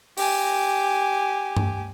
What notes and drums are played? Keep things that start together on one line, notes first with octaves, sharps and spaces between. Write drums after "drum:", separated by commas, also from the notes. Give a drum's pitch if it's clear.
G4 G#5, drum: open hi-hat
drum: tom G2